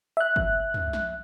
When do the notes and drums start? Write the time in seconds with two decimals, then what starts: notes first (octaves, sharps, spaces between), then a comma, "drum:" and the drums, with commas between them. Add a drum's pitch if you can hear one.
0.17 E5 F#6
0.36 drum: kick F#1
0.74 drum: tom
0.93 drum: snare